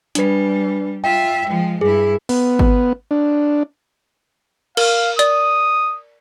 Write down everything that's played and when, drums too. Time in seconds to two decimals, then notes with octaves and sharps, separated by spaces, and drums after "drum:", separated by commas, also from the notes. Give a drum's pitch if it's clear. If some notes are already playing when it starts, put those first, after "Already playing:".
0.15 G3 D4 B4, drum: hi-hat
1.04 F4 E5 G5
1.47 F3 G#3
1.81 G2 E4 G#4
2.29 B3, drum: open hi-hat
2.59 drum: kick G#1
3.11 D4
4.77 A#4 F5, drum: cymbal
5.19 D5 D#6, drum: hi-hat